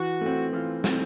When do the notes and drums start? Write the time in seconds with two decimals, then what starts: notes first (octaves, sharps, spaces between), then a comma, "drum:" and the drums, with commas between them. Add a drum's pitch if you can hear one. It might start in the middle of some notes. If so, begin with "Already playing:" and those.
Already playing: E3 F#4
0.21 A3 C4
0.53 E3 F4
0.84 A3 C4, drum: snare